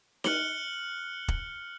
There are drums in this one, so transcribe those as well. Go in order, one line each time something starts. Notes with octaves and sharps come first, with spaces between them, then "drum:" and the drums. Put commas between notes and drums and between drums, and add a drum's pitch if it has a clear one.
F6 F#6 C#7 F#7 G7, drum: snare D#4
drum: kick